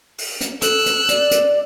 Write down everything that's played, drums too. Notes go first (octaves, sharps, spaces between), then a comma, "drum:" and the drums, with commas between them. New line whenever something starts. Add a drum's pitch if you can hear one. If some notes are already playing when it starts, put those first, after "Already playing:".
drum: open hi-hat
drum: hi-hat
A4 E6 F#6, drum: hi-hat
drum: hi-hat
D5, drum: hi-hat
drum: hi-hat